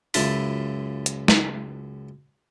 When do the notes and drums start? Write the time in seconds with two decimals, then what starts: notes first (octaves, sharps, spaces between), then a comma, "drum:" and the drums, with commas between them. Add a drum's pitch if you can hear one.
0.14 C#2 F#2 E4 F4 A5 B5, drum: open hi-hat
1.06 drum: hi-hat
1.28 drum: snare